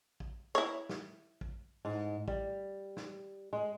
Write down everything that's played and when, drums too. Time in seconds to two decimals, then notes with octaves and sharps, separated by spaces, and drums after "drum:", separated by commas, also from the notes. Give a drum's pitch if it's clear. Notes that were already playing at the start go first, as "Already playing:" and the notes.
0.20 drum: kick
0.55 E4 C#5
0.89 drum: snare
1.41 drum: kick
1.85 G#2
2.28 G3, drum: kick
2.97 drum: snare
3.53 G#3